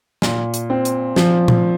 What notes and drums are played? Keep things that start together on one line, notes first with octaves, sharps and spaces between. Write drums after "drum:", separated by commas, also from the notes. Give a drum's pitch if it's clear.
A#2, drum: snare
drum: hi-hat
C4
drum: hi-hat
F3, drum: snare
drum: tom A#2